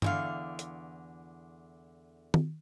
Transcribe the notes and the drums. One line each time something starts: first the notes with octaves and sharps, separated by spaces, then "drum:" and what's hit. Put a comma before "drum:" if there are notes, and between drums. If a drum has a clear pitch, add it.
E2 D3 F5, drum: tom G2
drum: hi-hat
drum: tom D#3